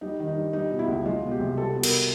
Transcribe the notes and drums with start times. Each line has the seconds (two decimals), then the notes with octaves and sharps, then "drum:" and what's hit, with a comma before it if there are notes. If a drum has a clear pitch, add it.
0.01 G3 D#4
0.19 D#3
0.28 D#4
0.37 G2
0.53 G3 D#4
0.71 B2
0.79 E4
0.88 C#2
1.05 G#3 F4
1.22 B2
1.31 G4
1.39 C2
1.57 G3 A4
1.75 B2
1.83 A#4, drum: cymbal